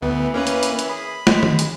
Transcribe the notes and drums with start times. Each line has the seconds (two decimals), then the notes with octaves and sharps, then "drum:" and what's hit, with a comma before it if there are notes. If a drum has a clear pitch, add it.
0.02 D2 E3 B3
0.34 A#3 C#4 B4
0.47 drum: hi-hat
0.63 drum: hi-hat
0.79 drum: hi-hat
0.89 G#4 B5
1.27 G#3, drum: snare
1.43 drum: tom D#3
1.59 drum: hi-hat